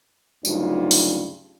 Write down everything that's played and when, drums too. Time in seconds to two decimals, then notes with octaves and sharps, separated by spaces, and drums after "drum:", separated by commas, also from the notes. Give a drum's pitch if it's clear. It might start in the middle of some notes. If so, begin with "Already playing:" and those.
0.45 D2 G2 C#3 F#3 D#4 F4, drum: tambourine
0.91 drum: open hi-hat